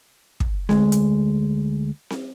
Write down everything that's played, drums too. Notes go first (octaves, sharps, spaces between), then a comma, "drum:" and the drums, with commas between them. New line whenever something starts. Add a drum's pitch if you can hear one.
drum: kick
D2 G#3, drum: snare C4
drum: hi-hat
drum: snare C4